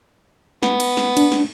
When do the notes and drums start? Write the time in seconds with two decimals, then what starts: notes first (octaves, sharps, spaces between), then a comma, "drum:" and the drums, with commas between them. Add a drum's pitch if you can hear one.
0.63 B3, drum: snare
0.80 drum: cymbal
0.97 drum: snare
1.17 D4, drum: cymbal
1.32 drum: snare